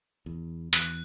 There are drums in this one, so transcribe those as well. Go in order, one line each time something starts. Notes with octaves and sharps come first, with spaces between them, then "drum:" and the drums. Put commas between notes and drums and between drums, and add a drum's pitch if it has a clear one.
E2
E2 F#6, drum: hi-hat